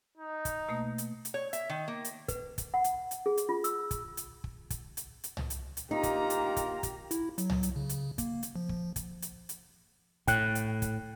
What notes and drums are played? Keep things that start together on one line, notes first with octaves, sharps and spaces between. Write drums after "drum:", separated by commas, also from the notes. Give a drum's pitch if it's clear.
D#4
drum: kick, hi-hat
B2 A3 A#3
drum: hi-hat
drum: hi-hat
C#5
E5, drum: hi-hat
D#3
A#3
drum: hi-hat
B4, drum: kick, hi-hat
drum: kick, hi-hat
F#5
drum: hi-hat
drum: hi-hat
G#4
drum: hi-hat
F4
E6, drum: hi-hat
drum: kick, hi-hat
drum: hi-hat
drum: kick
drum: kick, hi-hat
drum: hi-hat
drum: hi-hat
drum: tom
drum: hi-hat
drum: hi-hat
A#3 D#4 F4 G4 A#5
drum: kick, hi-hat
drum: hi-hat
drum: kick, hi-hat
drum: kick, hi-hat
E4, drum: hi-hat
F#3, drum: hi-hat
drum: tom
drum: hi-hat
C#3
drum: hi-hat
A#3, drum: kick, hi-hat
drum: hi-hat
F3
drum: kick
drum: kick, hi-hat
drum: hi-hat
drum: hi-hat
A2 G5 F#6, drum: kick, hi-hat
drum: hi-hat
drum: kick, hi-hat